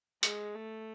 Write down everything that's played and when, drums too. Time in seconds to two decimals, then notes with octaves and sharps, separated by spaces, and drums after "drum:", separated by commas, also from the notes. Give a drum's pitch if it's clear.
0.23 G#3, drum: hi-hat
0.55 A3